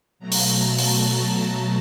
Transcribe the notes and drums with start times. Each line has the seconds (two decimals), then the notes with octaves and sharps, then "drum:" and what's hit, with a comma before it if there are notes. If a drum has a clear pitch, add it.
0.19 B2 F#3 A3 A#5
0.32 drum: open hi-hat
0.56 A5
0.78 drum: open hi-hat
0.93 A#5
1.29 A#5